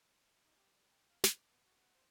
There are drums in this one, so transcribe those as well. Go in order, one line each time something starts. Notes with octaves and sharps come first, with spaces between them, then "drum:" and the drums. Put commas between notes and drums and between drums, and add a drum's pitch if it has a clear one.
D#4
G4
G3
G5
F5
E3, drum: snare
D6
B3
F#4
F#5
C5